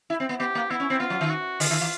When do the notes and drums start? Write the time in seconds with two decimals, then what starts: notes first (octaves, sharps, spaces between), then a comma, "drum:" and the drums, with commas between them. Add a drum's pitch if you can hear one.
0.10 E4
0.20 C4
0.29 B3
0.40 B3 G4
0.55 A#3
0.70 B3 E4
0.80 C#4
0.90 C4
1.00 B3 F4
1.10 F#3
1.21 D#3
1.30 F#4
1.60 D3 F4, drum: open hi-hat
1.70 D#3
1.81 E3